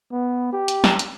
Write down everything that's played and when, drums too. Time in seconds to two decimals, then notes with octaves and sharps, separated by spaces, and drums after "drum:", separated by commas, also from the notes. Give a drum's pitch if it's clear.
0.12 B3
0.53 G4
0.68 drum: hi-hat
0.84 drum: snare
0.99 drum: hi-hat